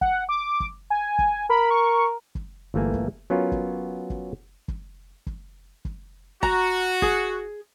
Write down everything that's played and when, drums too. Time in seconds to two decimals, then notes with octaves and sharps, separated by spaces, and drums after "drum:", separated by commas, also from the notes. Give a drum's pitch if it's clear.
0.01 F#5, drum: kick F#1
0.29 D6
0.60 drum: kick F#1
0.90 G#5
1.19 drum: kick F#1
1.50 A#4 B5
1.71 C#6
2.35 drum: kick F#1
2.74 G1 E3 A3 A#3 G#5
2.93 drum: kick F#1
3.30 F#3 B3 C#4 F4 A#4
3.52 drum: kick F#1
4.10 drum: kick F#1
4.68 drum: kick F#1
5.27 drum: kick F#1
5.85 drum: kick F#1
6.43 F#4 A#5, drum: kick F#1
7.02 G#4, drum: kick F#1